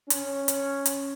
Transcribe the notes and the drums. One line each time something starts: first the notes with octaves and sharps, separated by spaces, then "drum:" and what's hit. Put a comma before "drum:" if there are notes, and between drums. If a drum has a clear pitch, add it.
C#4, drum: hi-hat
drum: hi-hat
drum: hi-hat